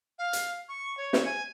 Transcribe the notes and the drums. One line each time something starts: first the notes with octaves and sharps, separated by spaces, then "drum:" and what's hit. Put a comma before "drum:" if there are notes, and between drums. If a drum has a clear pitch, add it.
F5
drum: hi-hat
C#6
C#5
drum: snare
G#5